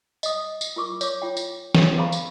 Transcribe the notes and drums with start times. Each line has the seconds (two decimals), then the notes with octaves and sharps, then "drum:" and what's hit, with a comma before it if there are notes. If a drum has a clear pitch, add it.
0.23 D#5 D#6, drum: tambourine
0.61 drum: tambourine
0.76 F4 A#4 C#6 D6
1.01 C#5 D6, drum: tambourine
1.22 F4 C#5 G5
1.37 drum: tambourine
1.75 drum: snare
1.98 G#4 C5 F5 A#5 B5 C#6
2.12 drum: tambourine